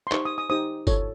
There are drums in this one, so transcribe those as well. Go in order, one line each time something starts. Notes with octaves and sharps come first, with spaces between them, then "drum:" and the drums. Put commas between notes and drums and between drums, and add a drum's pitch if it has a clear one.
C6
D#4 G4 C5 C#6, drum: clap
D#6
D#6
D#4 G4 C5 D#6
F4 A4 C#5, drum: kick G1, tambourine